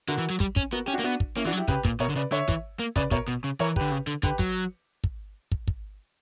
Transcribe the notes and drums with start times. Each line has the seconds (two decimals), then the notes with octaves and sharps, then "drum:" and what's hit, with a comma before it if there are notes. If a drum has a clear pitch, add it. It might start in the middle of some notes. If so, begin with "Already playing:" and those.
0.08 D3 F#4 A#4
0.19 E3
0.30 F#3
0.40 G3, drum: kick
0.56 C#4, drum: kick
0.72 B3 F#4 A#4
0.86 C#4 G4
0.93 D4 F#4
0.99 A#3
1.04 B3 D4 F#4
1.20 drum: kick
1.36 A#3 C#4 E4
1.46 E3 D4 F#4
1.53 F#3
1.57 E4 G4
1.68 C#3 G4 B4, drum: kick
1.85 A#2, drum: kick
2.00 B2 A#4 C#5
2.09 D3
2.16 C#3 B4 D5
2.32 D3 C#5 E5
2.49 E3, drum: kick
2.79 A#3
2.96 C#3 B4 D5, drum: kick
3.11 B2 A#4 C#5, drum: kick
3.28 B2
3.44 C#3
3.60 E3 A#4 C#5
3.76 D3 G4 B4, drum: kick
3.92 C#3
4.07 D3
4.23 D3 G4 B4, drum: kick
4.39 F#3, drum: kick
5.04 drum: kick
5.52 drum: kick
5.68 drum: kick